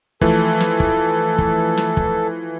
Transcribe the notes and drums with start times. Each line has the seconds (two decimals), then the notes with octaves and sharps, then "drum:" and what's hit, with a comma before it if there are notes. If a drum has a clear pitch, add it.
0.21 E3 F3 A3 A4, drum: kick
0.60 drum: snare
0.80 drum: kick
1.38 drum: kick
1.77 drum: snare
1.97 drum: kick